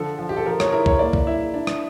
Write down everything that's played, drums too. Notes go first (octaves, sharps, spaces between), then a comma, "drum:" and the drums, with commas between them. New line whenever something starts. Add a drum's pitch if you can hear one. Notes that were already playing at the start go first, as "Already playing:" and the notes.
Already playing: D3 F3 A4
F3
G4
A4
F3 A#4
C#5, drum: rim click
E4 A#4
C#5, drum: kick
A#3 D5
drum: kick
E4 E5
D4
drum: rim click